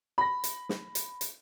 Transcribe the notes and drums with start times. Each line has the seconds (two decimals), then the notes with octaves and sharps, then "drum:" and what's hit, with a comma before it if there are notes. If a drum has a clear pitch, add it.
0.18 B5 A#6
0.44 drum: hi-hat
0.69 drum: snare
0.95 drum: hi-hat
1.21 drum: hi-hat